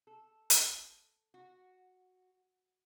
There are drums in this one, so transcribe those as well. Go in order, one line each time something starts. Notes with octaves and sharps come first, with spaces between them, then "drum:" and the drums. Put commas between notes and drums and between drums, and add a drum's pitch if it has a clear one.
A4
drum: hi-hat
F#4